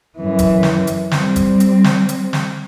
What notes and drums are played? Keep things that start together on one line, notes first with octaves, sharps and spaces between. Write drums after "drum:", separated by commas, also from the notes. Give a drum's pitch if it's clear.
F#2 E3
drum: kick F#1, hi-hat
drum: snare
drum: hi-hat
G3 C4, drum: snare
drum: kick F#1, hi-hat
drum: hi-hat
drum: snare
drum: hi-hat
drum: snare